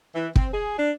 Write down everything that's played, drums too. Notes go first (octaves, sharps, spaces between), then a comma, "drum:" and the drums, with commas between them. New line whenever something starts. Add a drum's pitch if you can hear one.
E3
C4, drum: kick
G#4
D4